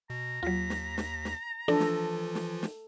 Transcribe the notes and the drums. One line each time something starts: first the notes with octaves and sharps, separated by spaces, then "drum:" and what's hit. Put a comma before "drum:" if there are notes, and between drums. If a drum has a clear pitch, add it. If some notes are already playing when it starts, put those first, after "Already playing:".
B2 A#5
D#2 F#3 F4 B6
drum: snare
drum: snare
drum: snare
E3 F3 D4 F4 A4
drum: snare
drum: snare
drum: snare